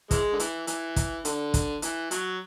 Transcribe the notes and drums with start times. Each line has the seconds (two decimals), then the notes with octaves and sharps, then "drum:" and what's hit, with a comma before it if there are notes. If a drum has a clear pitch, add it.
0.11 E3 G#3, drum: kick, hi-hat
0.33 D3
0.40 E3, drum: hi-hat
0.67 E3, drum: hi-hat
0.96 drum: kick, hi-hat
1.25 D3, drum: hi-hat
1.54 drum: kick, hi-hat
1.82 E3, drum: hi-hat
2.11 F#3, drum: hi-hat